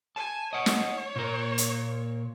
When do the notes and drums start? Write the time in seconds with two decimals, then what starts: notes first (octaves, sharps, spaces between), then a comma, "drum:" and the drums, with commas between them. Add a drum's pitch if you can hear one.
0.16 G#5 A5
0.53 C#5 D#5 F#5
0.66 drum: snare
1.16 A#2 A#4
1.58 drum: hi-hat